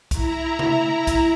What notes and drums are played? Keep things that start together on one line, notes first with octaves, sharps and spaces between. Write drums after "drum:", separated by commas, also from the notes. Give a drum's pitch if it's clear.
E4 A#5, drum: kick B1, hi-hat
drum: tom C3
drum: kick B1, hi-hat